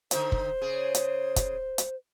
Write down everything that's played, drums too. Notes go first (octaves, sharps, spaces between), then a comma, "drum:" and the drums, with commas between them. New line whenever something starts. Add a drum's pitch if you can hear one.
D3 D#4 C5 E5, drum: hi-hat
drum: kick
C#3 G#4
drum: hi-hat
drum: kick, hi-hat
drum: hi-hat